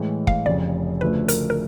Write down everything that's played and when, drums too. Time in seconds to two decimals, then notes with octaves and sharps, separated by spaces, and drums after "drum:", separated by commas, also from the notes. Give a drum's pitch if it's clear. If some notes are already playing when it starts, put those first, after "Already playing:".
Already playing: A2 E3 G#3
0.27 F5, drum: kick
0.46 F1 F2 C#3 D5
1.01 D2 C#3 F3 A3 D4 B4
1.28 A#4, drum: hi-hat
1.50 A#4